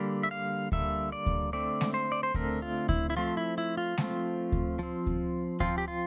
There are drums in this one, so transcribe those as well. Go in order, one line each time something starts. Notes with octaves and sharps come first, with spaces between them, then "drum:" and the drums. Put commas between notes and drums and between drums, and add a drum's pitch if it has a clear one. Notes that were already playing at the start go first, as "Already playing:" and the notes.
Already playing: D3 G3 A#3
E5
F5
D3 G3 A#3 E5, drum: kick D2
D5
drum: kick D2
D3 A3 C4 D5
drum: snare G#3
C5
D5
C5
D3 A3 C4 A#4, drum: kick D2
F4
E4, drum: kick D2
E4
F3 A3 C4 F4
E4
E4
F4
F3 A3 C4, drum: snare G#3
drum: kick D2
F3 C4
drum: kick D2
F3 C4 F4, drum: kick D2
G4
F4